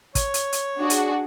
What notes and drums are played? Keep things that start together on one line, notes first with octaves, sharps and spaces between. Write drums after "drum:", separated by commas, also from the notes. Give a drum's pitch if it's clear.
C#5, drum: kick, hi-hat
drum: hi-hat
drum: hi-hat
D4 F#4 G#4
drum: hi-hat